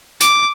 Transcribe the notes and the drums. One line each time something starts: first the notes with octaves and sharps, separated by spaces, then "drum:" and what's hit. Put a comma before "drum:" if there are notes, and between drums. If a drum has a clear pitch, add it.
D6, drum: hi-hat